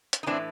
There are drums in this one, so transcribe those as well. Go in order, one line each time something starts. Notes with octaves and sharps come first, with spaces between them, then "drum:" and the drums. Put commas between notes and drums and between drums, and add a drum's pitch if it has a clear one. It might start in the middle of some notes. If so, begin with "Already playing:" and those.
drum: hi-hat
D#4
A2 E3 C4 D4